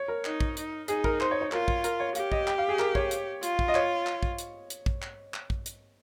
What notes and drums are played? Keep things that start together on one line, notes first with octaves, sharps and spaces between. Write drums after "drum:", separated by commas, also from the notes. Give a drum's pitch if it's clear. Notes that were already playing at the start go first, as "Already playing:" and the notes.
Already playing: C#5
A#4
D#4, drum: clap
drum: kick
D#4, drum: hi-hat
D#4 G#4, drum: hi-hat
A#4, drum: kick
C5, drum: clap
C#5
C#5
F4 A#4, drum: clap
drum: kick
A#4, drum: hi-hat
C#5
G4 F5, drum: hi-hat
D#5, drum: kick
G5, drum: clap
F5
G#4
A#4, drum: clap
C#5, drum: kick
drum: hi-hat
F4, drum: hi-hat
drum: kick
D#5
C#5, drum: clap
drum: clap
drum: kick
drum: hi-hat
drum: hi-hat
drum: kick
drum: clap
drum: clap
drum: kick
drum: hi-hat